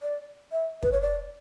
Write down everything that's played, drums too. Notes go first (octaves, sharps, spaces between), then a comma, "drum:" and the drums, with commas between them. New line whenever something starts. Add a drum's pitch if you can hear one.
D5
E5
B4, drum: kick
C#5
D5